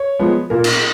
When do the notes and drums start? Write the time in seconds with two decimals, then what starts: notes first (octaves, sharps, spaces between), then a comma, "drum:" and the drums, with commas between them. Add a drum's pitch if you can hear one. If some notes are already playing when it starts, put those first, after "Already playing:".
Already playing: C#5
0.19 F3 G#3 B3
0.50 A#2 A#4
0.64 drum: cymbal